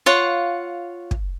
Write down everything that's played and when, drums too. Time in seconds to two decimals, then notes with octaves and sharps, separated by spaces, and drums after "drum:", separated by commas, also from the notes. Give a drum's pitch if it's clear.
0.06 F4 C#5 F5 F#5
1.11 drum: kick